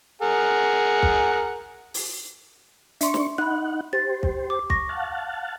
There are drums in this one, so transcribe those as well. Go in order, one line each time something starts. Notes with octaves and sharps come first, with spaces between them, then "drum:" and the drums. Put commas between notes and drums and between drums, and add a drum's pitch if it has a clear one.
G#4 A#4 F#5
drum: kick
drum: open hi-hat
D4 E5 C6 C#6, drum: hi-hat
drum: snare
D#4 F#5 B5 F#6
G4 C5 A6
drum: kick
D6
C#6 A#6, drum: kick
F5 F#5 A5